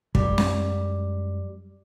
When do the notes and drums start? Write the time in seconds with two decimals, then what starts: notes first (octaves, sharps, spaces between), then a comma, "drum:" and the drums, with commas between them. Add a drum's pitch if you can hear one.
0.15 F#2 G3 G#3, drum: kick
0.38 drum: snare